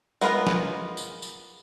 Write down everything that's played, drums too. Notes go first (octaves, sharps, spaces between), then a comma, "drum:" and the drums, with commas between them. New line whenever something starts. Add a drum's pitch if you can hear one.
G#3 B3 F4 A#4, drum: tambourine
drum: snare
drum: tambourine
drum: tambourine